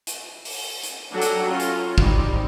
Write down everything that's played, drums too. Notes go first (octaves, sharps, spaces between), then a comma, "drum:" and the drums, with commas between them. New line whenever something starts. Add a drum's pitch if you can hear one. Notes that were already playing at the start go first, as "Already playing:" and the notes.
drum: hi-hat
drum: open hi-hat
drum: hi-hat
F#3 D4 A4 F#5 G5 A#5
drum: hi-hat
C#4 F4
drum: hi-hat
G3 C4 D#4 G4, drum: kick